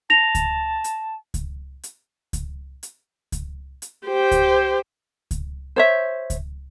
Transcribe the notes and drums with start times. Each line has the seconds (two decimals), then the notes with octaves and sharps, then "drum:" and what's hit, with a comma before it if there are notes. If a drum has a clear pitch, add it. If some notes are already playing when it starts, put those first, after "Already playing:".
0.10 A5 A#6 F7
0.35 drum: kick C#2, hi-hat
0.84 drum: hi-hat
1.34 drum: kick C#2, hi-hat
1.83 drum: hi-hat
2.33 drum: kick C#2, hi-hat
2.83 drum: hi-hat
3.32 drum: kick C#2, hi-hat
3.82 drum: hi-hat
4.06 G4 C5
4.31 drum: kick C#2, hi-hat
5.31 drum: kick C#2, hi-hat
5.76 C5 C#5 E5
6.30 drum: kick C#2, hi-hat